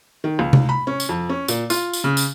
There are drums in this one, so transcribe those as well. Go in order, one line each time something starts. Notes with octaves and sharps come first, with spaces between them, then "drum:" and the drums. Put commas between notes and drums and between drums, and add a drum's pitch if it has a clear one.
D#3
C#2
drum: tom C3
B5
C#4
drum: tambourine
F2
C#4
A#2, drum: tambourine
F4, drum: tambourine
drum: tambourine
C#3
drum: tambourine